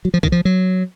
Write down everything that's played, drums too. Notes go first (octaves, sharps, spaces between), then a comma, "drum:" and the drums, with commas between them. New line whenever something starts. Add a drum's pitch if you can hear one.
F#3
F3
D#3, drum: kick B1
F3
F#3